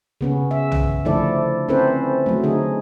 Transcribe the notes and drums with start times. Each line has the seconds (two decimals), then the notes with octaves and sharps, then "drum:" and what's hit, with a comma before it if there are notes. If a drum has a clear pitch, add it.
0.21 C#3 B3 C#4
0.51 E5
0.72 drum: tom
1.05 D3 F3 A3 E4 A4 D5
1.69 C4 C#4 E4 A4 B4 C5
2.26 F#3 A3
2.43 D3 D#4 G#4